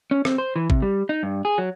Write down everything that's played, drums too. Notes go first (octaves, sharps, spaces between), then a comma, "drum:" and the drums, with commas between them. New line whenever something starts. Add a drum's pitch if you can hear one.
C#4
C4, drum: rim click
C5
E3
C3, drum: kick G#1
G3
D#4
G2
G#4
F#3